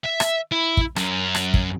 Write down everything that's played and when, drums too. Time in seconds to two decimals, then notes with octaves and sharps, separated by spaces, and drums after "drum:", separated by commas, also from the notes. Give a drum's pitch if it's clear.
0.04 E5
0.20 drum: rim click
0.52 E4
0.77 drum: kick
0.96 F#2, drum: rim click
1.35 drum: rim click
1.54 drum: kick